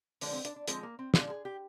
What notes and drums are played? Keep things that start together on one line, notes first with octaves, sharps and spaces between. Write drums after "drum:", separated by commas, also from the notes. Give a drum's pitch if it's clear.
D3 F3 G#3 D4, drum: open hi-hat
C4
D4, drum: hi-hat
D4
D3 F3 G#3 C4, drum: hi-hat
A#3
C4
D3 F3 G#3 D4, drum: snare
G#4
G4